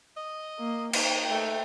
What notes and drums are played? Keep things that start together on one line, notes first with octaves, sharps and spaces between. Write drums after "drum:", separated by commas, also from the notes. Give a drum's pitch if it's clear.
D#5
A#3
D#4 G5, drum: cymbal
A3